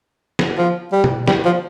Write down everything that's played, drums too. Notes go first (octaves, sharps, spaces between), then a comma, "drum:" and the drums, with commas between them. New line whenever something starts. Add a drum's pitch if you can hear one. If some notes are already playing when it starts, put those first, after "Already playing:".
drum: snare
F3
G3
drum: tom B2
G3, drum: snare
F3